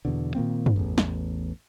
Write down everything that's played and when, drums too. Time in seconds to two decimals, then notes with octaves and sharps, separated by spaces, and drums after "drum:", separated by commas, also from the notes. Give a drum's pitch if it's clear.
0.05 E2 B2 D3
0.35 A#2 D#3 A#3 C4
0.66 drum: tom F#2
0.76 A1 E2
0.98 drum: snare